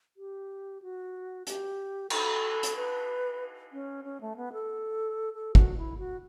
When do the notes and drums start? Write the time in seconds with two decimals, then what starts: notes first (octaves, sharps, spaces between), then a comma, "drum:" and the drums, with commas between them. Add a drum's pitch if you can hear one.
0.17 G4
0.82 F#4
1.47 G4, drum: hi-hat
2.10 A4, drum: cymbal
2.63 drum: hi-hat
2.76 B4
3.72 C#4
4.04 C#4
4.21 A3
4.36 B3
4.53 A4
5.33 A4
5.55 F#4, drum: kick
5.78 E4
5.98 F#4